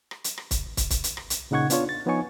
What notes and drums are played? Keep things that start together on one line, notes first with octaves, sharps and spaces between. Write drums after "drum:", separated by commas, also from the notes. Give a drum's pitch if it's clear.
drum: rim click
drum: hi-hat
drum: rim click
drum: kick, hi-hat
drum: kick, hi-hat
drum: kick, hi-hat
drum: hi-hat
drum: rim click
drum: hi-hat
A#2 C#3 D#4 F#5 C#6 G#6
B3 D4 F4 C#5, drum: hi-hat
A6
F3 B3 D#4 C#5 G#5 C#6